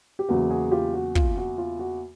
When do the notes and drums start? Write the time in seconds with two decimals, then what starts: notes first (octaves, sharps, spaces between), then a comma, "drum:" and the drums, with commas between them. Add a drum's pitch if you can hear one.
0.19 G4
0.29 E2 C#3 F#3 A#3 F#4
0.50 F#4 G#4
0.72 F4 G4
0.94 F#4
1.15 F4, drum: kick
1.37 F#4
1.58 F4
1.79 F#4